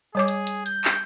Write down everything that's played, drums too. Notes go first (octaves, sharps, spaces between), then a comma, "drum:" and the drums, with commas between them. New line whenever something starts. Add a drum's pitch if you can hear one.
G3 G#4 C#5 D6
drum: hi-hat
drum: hi-hat
G6, drum: hi-hat
drum: clap